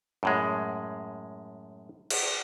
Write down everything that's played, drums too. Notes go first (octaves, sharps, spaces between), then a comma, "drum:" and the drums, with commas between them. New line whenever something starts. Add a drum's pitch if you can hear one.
F#2 A2 G#3
drum: cymbal